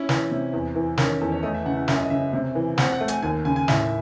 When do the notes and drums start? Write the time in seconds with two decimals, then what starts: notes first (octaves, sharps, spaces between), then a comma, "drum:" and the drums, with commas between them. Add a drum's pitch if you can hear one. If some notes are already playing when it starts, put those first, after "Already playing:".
Already playing: C#4 E4
0.09 E3, drum: snare
0.31 C3
0.53 E2
0.75 E3
0.98 D#3 C#4, drum: snare
1.10 C#4
1.21 E2 A4
1.32 C#5
1.43 A3 D#5
1.54 E5
1.66 C#3 F#5
1.77 F#5
1.88 F#2 E5, drum: snare
1.99 D#5
2.10 C#3 E5
2.33 C3
2.55 E3
2.78 C4 F#5, drum: snare
2.92 F#5
3.01 A3
3.08 G#5, drum: hi-hat
3.22 D#2 G#5
3.45 C#3 G#5
3.56 G#5
3.68 A2 E5, drum: snare